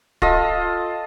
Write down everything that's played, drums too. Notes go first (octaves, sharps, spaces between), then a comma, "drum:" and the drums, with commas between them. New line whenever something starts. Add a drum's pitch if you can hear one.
F4 A4 D#5, drum: kick D1